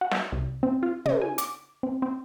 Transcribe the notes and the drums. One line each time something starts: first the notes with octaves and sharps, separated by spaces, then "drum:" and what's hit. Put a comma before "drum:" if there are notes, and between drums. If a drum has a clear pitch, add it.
F#4
drum: snare
C2
C4
F4
C#3, drum: tom
G#5
D6, drum: hi-hat
C4
C4